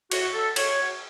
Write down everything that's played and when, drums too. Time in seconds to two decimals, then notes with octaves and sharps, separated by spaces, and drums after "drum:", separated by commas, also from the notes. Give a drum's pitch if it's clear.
0.12 A2 F#4, drum: cymbal
0.34 F#3 A4
0.56 A2 C#5, drum: cymbal
0.79 F#3